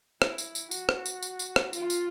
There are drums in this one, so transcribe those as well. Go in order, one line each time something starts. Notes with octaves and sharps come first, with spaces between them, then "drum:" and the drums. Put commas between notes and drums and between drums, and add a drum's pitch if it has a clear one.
E4, drum: rim click
drum: tambourine
drum: tambourine
F#4, drum: tambourine
drum: rim click
drum: tambourine
drum: tambourine
drum: tambourine
drum: rim click
F4, drum: tambourine
drum: tambourine